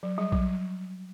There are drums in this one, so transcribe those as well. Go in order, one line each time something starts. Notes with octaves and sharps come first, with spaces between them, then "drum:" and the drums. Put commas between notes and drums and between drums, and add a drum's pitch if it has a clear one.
F#3
G3
F#3, drum: kick A#1